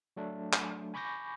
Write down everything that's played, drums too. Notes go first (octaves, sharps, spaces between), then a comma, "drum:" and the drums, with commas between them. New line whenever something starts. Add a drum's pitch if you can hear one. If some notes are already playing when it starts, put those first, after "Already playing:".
F#3 A3 D4
drum: clap
G#5 B5 C#6 D6 G6 A#6